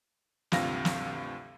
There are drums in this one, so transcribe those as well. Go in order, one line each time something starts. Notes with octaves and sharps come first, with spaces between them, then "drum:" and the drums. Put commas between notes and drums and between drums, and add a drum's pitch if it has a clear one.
D2 G2 C3 F4 F5 A#6, drum: snare
drum: snare